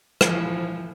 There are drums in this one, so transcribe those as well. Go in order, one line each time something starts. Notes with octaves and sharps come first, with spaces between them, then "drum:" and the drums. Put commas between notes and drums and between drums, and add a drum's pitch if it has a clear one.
E3 F3, drum: rim click